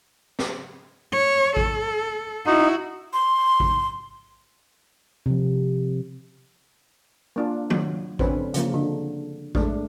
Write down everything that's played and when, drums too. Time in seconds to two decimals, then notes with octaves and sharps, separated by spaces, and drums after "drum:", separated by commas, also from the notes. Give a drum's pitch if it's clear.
0.39 drum: snare
1.12 C#5
1.57 A4, drum: kick A1
2.46 D#4 E4 F#4
3.13 C6
3.60 drum: kick A1
5.26 C3 F3
7.36 A#3 D4 F4
7.70 F#3, drum: tom D#3
8.19 D3 C4 C#4 B4 C5, drum: kick A1
8.54 C#3 F3 A#3, drum: hi-hat
8.74 D3
9.55 G#3 A3 D4, drum: kick A1